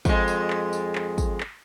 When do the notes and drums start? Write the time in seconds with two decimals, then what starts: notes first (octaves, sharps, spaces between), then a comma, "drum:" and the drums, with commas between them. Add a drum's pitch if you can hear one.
0.05 F2 G#3, drum: kick, tambourine
0.28 drum: tambourine
0.50 drum: clap
0.73 drum: tambourine
0.95 drum: clap
1.18 drum: kick, tambourine
1.40 drum: clap